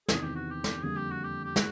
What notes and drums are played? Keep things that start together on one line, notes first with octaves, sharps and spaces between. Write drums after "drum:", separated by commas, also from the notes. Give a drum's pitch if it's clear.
E2 C3 D#3 G#4, drum: snare
G4
F#4
G4
drum: snare
F2 D3 G3 A#3 G#4
G4
F#4
G4
G4
G#3 F#4, drum: snare